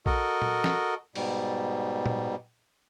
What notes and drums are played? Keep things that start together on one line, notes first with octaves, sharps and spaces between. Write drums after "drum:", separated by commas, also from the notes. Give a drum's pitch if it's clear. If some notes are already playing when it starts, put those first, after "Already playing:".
F#4 A4 A#4 D#5, drum: kick A#1
drum: tom A#2
drum: snare
G#2 B2 G3, drum: open hi-hat
drum: tom A#2